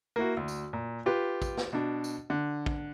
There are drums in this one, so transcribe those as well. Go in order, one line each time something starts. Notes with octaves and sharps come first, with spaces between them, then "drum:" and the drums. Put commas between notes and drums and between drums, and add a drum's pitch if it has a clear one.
A#3 E4 F#4
D2
drum: tambourine
A#2
F4 G4 B4
drum: kick, tambourine
drum: snare
B2 D4
drum: tambourine
D3
drum: kick